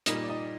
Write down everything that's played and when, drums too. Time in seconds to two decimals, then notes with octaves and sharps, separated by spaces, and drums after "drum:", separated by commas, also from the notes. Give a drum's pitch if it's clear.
0.06 A#2 G3 A#3 D#4 D#5, drum: hi-hat
0.24 D5
0.29 D#4 D#5